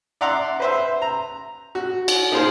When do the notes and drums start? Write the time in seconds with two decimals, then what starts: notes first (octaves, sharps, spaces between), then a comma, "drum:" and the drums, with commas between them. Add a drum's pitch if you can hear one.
0.21 D5 E5 F#5 A#5 C6 D6
0.60 B4 C5 E5
1.02 A#5
1.75 F#4
2.08 drum: cymbal
2.31 A#3 D#4 F4 G#4 C5